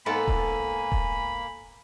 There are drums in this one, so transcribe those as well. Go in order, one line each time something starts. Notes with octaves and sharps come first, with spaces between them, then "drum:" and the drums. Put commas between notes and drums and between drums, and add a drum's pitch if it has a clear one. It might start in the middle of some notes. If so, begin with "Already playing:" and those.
G#2 A#3 B3 A4 G#5 B5
drum: kick D#1
drum: kick D#1